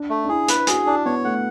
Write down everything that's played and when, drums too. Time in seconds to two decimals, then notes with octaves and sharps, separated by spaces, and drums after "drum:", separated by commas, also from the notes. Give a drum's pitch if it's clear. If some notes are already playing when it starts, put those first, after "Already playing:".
Already playing: D4
0.10 A3
0.25 D4
0.29 E4 G#4
0.48 B4, drum: hi-hat
0.67 F#4 G#4, drum: hi-hat
0.86 D4 E4
1.06 B3 C#5
1.24 A3 F#5